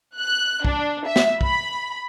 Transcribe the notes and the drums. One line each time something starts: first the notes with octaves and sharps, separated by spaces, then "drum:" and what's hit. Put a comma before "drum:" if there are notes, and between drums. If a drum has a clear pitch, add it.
F#6
D4, drum: kick
E5
drum: snare
B5, drum: kick